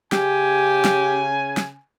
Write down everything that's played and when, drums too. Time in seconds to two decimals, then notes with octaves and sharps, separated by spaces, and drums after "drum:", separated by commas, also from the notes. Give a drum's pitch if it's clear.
0.12 C#3 G4 G#5, drum: snare
0.85 drum: snare
1.57 drum: snare